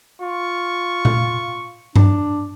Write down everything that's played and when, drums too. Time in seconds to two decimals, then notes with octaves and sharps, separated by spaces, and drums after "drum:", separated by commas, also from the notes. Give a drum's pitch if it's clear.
0.22 F4 C#6
1.05 drum: tom A#2
1.96 D4, drum: tom G2